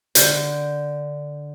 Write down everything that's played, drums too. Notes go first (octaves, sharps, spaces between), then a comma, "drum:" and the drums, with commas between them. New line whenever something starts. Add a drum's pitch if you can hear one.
D3 G6, drum: hi-hat